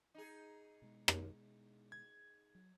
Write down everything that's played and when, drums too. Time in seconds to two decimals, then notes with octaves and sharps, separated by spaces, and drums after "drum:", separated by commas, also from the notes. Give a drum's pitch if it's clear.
0.14 D#4 G#4
0.82 B2 G#3
1.08 drum: rim click
1.92 G#6
2.55 F#3